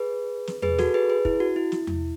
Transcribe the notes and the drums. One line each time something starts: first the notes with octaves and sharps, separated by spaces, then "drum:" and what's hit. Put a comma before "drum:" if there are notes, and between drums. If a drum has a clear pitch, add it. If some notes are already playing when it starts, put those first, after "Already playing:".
Already playing: G#4 B4
drum: snare
G#4 B4, drum: tom E2
F#4 A4, drum: snare
G#4 B4
G#4 B4
E4, drum: kick
F#4
E4
drum: snare
drum: tom E2